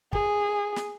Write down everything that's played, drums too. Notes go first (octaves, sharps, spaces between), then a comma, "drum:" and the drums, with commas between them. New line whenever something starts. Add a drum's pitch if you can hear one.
G#4, drum: kick
drum: snare